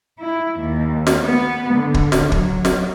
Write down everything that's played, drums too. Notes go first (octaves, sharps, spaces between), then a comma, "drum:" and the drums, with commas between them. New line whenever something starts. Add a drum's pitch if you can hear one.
E4
D#2
drum: snare
B3
D3
drum: kick
drum: snare
F#3, drum: kick
drum: snare